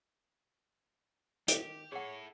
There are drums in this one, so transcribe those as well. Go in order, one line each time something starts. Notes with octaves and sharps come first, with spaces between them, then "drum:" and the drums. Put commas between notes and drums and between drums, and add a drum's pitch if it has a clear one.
D#3 G4, drum: hi-hat
E4 G#4 A4 C#5 F#5